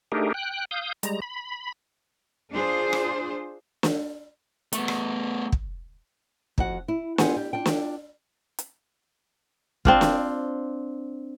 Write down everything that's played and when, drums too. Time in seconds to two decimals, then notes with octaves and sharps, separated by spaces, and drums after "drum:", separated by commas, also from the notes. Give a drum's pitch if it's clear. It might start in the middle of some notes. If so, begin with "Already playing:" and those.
0.12 A3 D4 D#4 G4 G#4 A#4
0.34 G5 F#6
0.71 F5 D#6 G6
1.03 G3 G#3 A#5, drum: hi-hat
1.22 B5
2.52 D4 F4 G#4 C5
2.93 drum: rim click
3.83 drum: snare
4.73 A3 B3, drum: hi-hat
4.88 drum: rim click
5.52 drum: kick
6.58 F2 F#4 F#5, drum: kick
6.88 E4
7.18 B3 F4 G4 G#4 F#5 G#5, drum: snare
7.36 G4
7.53 D4 F4 G5
7.66 drum: snare
8.59 drum: hi-hat
9.85 C4 D4 F4, drum: kick
10.01 drum: snare